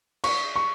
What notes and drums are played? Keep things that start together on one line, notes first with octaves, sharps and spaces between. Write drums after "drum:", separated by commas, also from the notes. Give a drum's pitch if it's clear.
C#6, drum: cymbal
C#6